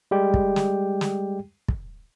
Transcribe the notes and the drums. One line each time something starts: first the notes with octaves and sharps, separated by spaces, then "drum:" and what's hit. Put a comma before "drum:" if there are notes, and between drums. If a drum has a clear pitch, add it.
G3 G#3 G4 G5
drum: kick
drum: snare
drum: snare
drum: kick